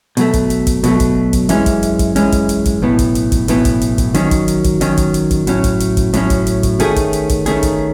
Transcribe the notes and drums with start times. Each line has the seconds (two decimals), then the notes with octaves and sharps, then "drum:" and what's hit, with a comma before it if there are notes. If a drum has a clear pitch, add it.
0.17 B2 F#3 A3, drum: hi-hat
0.33 drum: kick, hi-hat
0.50 drum: hi-hat
0.67 drum: kick, hi-hat
0.84 B2 F#3 A3, drum: hi-hat
1.00 drum: kick, hi-hat
1.33 drum: kick, hi-hat
1.49 F#2 E3 G#3 C#4, drum: hi-hat
1.66 drum: kick, hi-hat
1.83 drum: hi-hat
1.99 drum: kick, hi-hat
2.16 F#2 E3 G#3 C#4, drum: hi-hat
2.32 drum: kick, hi-hat
2.49 drum: hi-hat
2.65 drum: kick, hi-hat
2.82 B1 A2 E3 B3
2.99 drum: kick, hi-hat
3.15 drum: hi-hat
3.32 drum: kick, hi-hat
3.48 B1 A2 E3 B3, drum: hi-hat
3.65 drum: kick, hi-hat
3.81 drum: hi-hat
3.98 drum: kick, hi-hat
4.14 D#3 F#3 C#4, drum: hi-hat
4.31 drum: kick, hi-hat
4.48 drum: hi-hat
4.64 drum: kick, hi-hat
4.81 D#3 F#3 C#4, drum: hi-hat
4.97 drum: kick, hi-hat
5.14 drum: hi-hat
5.31 drum: kick, hi-hat
5.47 A2 F#3 C#4, drum: hi-hat
5.64 drum: kick, hi-hat
5.80 drum: hi-hat
5.97 drum: kick, hi-hat
6.14 A2 F#3 C#4, drum: hi-hat
6.30 drum: kick, hi-hat
6.47 drum: hi-hat
6.63 drum: kick, hi-hat
6.80 D#3 A3 C#4 G#4, drum: hi-hat
6.96 drum: kick, hi-hat
7.13 drum: hi-hat
7.29 drum: kick, hi-hat
7.46 D#3 A3 C#4 G#4, drum: hi-hat
7.63 drum: kick, hi-hat